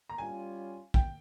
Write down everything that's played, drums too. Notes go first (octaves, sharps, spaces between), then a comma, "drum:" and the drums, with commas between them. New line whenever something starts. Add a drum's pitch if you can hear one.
A#5
G3 C#4 F4 G#5
G5, drum: kick